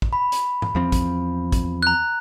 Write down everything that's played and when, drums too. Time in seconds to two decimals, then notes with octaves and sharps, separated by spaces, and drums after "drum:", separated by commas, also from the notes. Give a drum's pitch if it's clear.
0.02 drum: kick
0.13 B5
0.32 drum: hi-hat
0.62 drum: tom G#2
0.75 E2 F3 C4
0.92 drum: kick, hi-hat
1.52 drum: kick, hi-hat
1.83 A#5 F#6